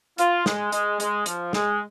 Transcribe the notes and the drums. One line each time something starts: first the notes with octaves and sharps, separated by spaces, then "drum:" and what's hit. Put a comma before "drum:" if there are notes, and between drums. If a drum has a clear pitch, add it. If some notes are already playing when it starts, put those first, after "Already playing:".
F4, drum: hi-hat
G#3, drum: snare
G#3, drum: hi-hat
G#3, drum: hi-hat
F3, drum: hi-hat
G#3, drum: snare